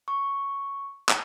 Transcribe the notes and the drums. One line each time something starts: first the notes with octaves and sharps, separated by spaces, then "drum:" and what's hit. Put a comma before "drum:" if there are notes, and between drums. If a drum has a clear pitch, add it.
C#6
drum: clap